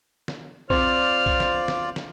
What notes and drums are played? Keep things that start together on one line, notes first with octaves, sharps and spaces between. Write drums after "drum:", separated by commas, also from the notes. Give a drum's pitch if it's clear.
drum: snare
C4 F4 C5 D5 F6, drum: kick B1
drum: kick B1
drum: snare
drum: snare
drum: snare